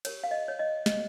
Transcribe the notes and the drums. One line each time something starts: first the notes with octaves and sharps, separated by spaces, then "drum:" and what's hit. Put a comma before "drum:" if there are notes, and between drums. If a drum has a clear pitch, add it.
G4 A#4 C#5, drum: cymbal
F5
D#5
C#5
D#5
D#5, drum: snare